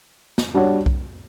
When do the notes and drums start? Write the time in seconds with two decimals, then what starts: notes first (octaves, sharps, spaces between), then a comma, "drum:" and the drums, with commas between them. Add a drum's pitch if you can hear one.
0.38 drum: snare
0.54 G3 D4 F#4 C#5
0.86 drum: kick B1